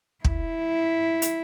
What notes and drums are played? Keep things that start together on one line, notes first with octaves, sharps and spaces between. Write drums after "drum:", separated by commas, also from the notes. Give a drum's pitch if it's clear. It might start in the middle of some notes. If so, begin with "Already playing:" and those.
E4, drum: kick
drum: hi-hat